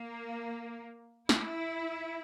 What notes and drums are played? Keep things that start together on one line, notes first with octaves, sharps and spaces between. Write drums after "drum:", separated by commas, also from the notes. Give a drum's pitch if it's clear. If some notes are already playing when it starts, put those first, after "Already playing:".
Already playing: A#3
E4, drum: snare